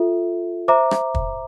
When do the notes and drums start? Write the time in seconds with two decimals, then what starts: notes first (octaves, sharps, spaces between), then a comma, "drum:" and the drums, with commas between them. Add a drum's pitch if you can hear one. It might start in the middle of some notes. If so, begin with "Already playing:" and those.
Already playing: F4 A4 E5
0.68 C5 E5 A#5 D6
0.91 drum: rim click
1.15 drum: kick